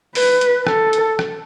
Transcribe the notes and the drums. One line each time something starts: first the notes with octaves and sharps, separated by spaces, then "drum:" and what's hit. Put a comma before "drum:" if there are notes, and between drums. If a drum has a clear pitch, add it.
B4, drum: open hi-hat
drum: hi-hat
A4, drum: rim click
drum: hi-hat
drum: rim click